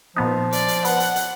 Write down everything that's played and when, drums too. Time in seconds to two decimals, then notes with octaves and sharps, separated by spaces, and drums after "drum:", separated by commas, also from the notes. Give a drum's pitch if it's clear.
0.16 A#2 F3 B3 D#4
0.53 D5, drum: hi-hat
0.68 drum: hi-hat
0.85 B3 F#5, drum: hi-hat
1.00 drum: hi-hat
1.16 drum: hi-hat